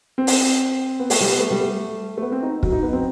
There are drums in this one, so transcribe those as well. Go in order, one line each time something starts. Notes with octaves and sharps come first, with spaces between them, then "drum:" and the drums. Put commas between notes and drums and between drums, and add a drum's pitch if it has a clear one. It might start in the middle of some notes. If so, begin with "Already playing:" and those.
C4
drum: open hi-hat
B3
A3, drum: open hi-hat
G3
B3
A3
G3
A3
A3
B3
C4
D#4
F#3, drum: kick
D#4
B3
C4